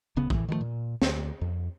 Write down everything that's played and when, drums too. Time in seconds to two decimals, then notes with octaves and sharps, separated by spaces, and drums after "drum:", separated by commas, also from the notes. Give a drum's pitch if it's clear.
0.16 D1 C#3 B3
0.30 A2 E3, drum: kick A#1
0.49 D#3 F3 F#3 A3
0.61 A#2
1.02 D2, drum: snare
1.41 F2